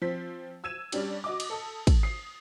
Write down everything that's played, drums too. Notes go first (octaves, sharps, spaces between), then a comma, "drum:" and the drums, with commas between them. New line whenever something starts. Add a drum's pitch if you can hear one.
F3 C4 B6
E6 G#6 D#7 E7
G3 C#4 D4 G4, drum: cymbal
F#4 D#5 D6
drum: cymbal
A4 D#6
drum: kick, cymbal
D#6 C7